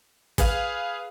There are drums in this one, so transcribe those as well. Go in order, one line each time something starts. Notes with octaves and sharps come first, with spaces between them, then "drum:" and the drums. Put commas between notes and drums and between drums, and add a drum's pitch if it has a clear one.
G#4 B4 F5, drum: kick, hi-hat